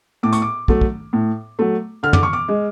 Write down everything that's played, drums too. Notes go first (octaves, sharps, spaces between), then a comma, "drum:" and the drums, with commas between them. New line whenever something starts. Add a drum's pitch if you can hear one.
A2 D6
C#6, drum: hi-hat
D6
F#3 A3, drum: kick
drum: kick
A2
F#3 A3
D3 F6
D6, drum: tom
C#6
D6
G#3